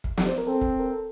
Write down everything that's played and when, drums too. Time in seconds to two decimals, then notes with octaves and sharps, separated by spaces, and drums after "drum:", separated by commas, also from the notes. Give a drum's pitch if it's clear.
0.04 drum: kick
0.17 D5, drum: snare
0.27 C5
0.38 A#4
0.47 C4 A4
0.61 drum: kick
0.79 A#4
0.89 A4